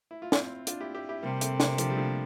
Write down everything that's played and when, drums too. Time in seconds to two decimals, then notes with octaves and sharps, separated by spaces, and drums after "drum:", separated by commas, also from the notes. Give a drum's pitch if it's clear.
0.11 E4
0.22 F4
0.32 C4 E4, drum: snare
0.67 D4 F4, drum: hi-hat
0.80 E4 G4
0.95 E4 G4
1.09 E4 G4
1.23 C3 G3 A#3
1.41 A3 C4, drum: hi-hat
1.60 A#3 D4, drum: snare
1.78 D3 F3, drum: hi-hat
1.90 G3
1.97 D3 F3